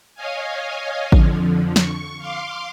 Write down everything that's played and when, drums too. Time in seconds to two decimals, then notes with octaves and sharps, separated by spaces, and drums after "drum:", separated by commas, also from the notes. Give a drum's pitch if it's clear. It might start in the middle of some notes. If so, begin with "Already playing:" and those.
0.15 C#5 D#5 F5 G#5
1.12 F2 D3 F3, drum: kick A1
1.76 C#6, drum: snare
2.18 F5 C6 D6